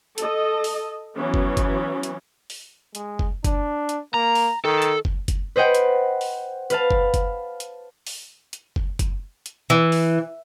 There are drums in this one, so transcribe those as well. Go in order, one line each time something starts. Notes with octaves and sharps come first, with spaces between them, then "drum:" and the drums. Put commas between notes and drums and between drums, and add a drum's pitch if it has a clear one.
A4 D#5, drum: hi-hat
drum: open hi-hat
E3 F#3 B3 C#4
drum: kick F#1
drum: kick F#1, hi-hat
drum: hi-hat
drum: open hi-hat
G#3, drum: hi-hat
drum: kick F#1
D4, drum: kick F#1, hi-hat
drum: hi-hat
A#3 A#5
drum: open hi-hat
D#3 A4
drum: hi-hat
drum: kick F#1
drum: kick F#1, hi-hat
B4 C5 D#5 F#5 G5
drum: hi-hat
drum: open hi-hat
B4 F5 A5, drum: hi-hat
drum: kick F#1
drum: kick F#1, hi-hat
drum: hi-hat
drum: open hi-hat
drum: hi-hat
drum: kick F#1
drum: kick F#1, hi-hat
drum: hi-hat
E3
drum: open hi-hat